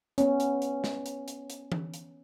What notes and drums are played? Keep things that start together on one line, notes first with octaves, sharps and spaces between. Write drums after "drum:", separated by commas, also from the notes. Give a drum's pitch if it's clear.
B3 C#4, drum: hi-hat
drum: hi-hat
drum: hi-hat
drum: snare
drum: hi-hat
drum: hi-hat
drum: hi-hat
drum: tom E3
drum: hi-hat